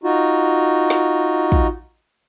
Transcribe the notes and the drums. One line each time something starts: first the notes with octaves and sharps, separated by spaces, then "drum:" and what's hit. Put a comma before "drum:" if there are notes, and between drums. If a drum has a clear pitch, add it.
D#4 F4 F#4
drum: hi-hat
drum: snare
drum: kick